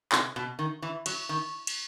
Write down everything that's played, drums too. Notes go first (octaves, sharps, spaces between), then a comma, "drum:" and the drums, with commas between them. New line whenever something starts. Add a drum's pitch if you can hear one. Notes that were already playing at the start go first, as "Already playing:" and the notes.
C3, drum: clap
B2
D#3
E3
F#3, drum: cymbal
D#3
drum: cymbal